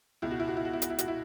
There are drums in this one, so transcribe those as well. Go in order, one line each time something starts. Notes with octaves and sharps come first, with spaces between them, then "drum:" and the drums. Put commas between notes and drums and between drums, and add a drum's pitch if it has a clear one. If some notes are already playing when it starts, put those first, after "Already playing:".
C#2 B2 E4
F#4
E4
F#4
E4
F#4
E4
F#4, drum: hi-hat
E4
F#4, drum: hi-hat
E4